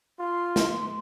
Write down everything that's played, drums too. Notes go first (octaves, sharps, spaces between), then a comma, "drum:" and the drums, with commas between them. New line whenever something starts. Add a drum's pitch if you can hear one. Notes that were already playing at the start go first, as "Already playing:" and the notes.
F4 C6
drum: snare